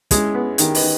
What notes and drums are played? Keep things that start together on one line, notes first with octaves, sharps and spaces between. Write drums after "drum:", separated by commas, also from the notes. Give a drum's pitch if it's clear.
G#3 C#4 E4, drum: kick, hi-hat
B3
D#3 G4 A#4, drum: hi-hat
B4 D#5, drum: open hi-hat
D#3